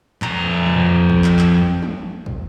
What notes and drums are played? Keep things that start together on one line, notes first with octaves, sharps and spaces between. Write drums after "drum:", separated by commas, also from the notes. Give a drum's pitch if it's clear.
F2 A#5, drum: clap
drum: tom
drum: kick
drum: clap
drum: clap
drum: tom
drum: kick